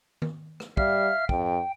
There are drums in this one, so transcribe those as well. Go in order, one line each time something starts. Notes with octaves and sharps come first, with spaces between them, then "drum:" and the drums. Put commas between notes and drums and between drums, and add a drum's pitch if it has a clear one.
drum: tom D#3
drum: rim click
G3 E5 F5 F6, drum: kick
F2 G5, drum: kick